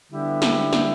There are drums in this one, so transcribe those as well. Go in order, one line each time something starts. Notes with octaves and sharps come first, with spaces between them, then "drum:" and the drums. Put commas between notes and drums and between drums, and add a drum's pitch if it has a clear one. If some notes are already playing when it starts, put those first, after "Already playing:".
D3 G3 B3 E4 G4
drum: snare
drum: snare